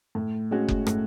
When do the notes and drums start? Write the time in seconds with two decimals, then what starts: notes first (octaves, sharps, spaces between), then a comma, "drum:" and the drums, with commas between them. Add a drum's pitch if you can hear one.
0.15 A2
0.51 G#3 C#4 F#4
0.68 drum: kick F#1
0.87 A2, drum: rim click